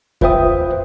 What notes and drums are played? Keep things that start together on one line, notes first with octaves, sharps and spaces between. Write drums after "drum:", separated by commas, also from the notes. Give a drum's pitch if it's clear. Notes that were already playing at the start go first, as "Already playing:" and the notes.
F4 B4 C5 E5 G5 D#6, drum: kick E2